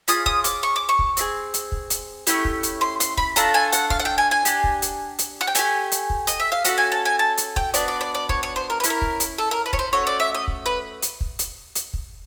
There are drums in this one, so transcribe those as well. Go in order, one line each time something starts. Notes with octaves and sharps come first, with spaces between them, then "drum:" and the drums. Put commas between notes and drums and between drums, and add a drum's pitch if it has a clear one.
C#4 F4 G#4 D#6, drum: hi-hat
D#6, drum: kick
D6, drum: hi-hat
C#6
D6
C#6
drum: kick
C4 E4 G#4, drum: hi-hat
drum: hi-hat
drum: kick
drum: hi-hat
A3 C#4 E4 G4, drum: hi-hat
drum: kick
drum: hi-hat
C6
C6, drum: hi-hat
B5, drum: kick
A3 D4 F4 A4 A#5, drum: hi-hat
G#5
F#5, drum: hi-hat
F5, drum: kick
F#5
G5
G#5
G#5
D4 G4, drum: hi-hat
drum: kick
drum: hi-hat
drum: hi-hat
F#5
G5
A3 D4 G4 G#5, drum: hi-hat
drum: hi-hat
drum: kick
D#5, drum: hi-hat
E5
F5
C#4 F#4 A4 F#5, drum: hi-hat
G#5
A5
G#5
A5
drum: hi-hat
G5, drum: kick
B3 D4 F#4 D5, drum: hi-hat
D5
D5
D5
C#5, drum: kick
C#5
C5
A#4
B4
C#4 E4 A4, drum: hi-hat
A#4
drum: kick
drum: hi-hat
A4
A#4
B4
C#5, drum: kick
C5
A3 C#4 F#4 C#5
D5
E5
D#5
drum: kick
B4
drum: hi-hat
drum: kick
drum: hi-hat
drum: hi-hat
drum: kick